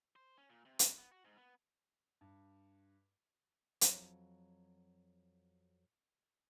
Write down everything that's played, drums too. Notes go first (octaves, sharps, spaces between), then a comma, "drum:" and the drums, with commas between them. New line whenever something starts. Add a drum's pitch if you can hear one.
C5
C#4
A#2
C3
drum: hi-hat
B3
F#4
G#2
B3
G2
F2 F#3, drum: hi-hat